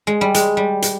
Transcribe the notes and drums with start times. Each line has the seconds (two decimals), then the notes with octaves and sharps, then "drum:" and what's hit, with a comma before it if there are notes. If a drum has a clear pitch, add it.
0.07 G#3
0.21 G3
0.34 G#3, drum: hi-hat
0.57 G3
0.82 drum: hi-hat